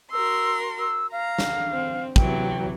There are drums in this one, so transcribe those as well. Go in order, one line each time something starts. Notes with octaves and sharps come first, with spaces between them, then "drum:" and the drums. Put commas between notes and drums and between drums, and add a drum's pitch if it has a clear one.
F#4 A#4 C6 E6
E6
F5 A#5
drum: snare
C4
C3 E3 F#3 G5, drum: kick